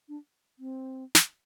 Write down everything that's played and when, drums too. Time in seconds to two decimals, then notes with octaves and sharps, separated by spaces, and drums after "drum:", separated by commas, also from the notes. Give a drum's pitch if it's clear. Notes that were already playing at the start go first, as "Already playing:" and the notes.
0.09 D4
0.59 C4
1.15 drum: snare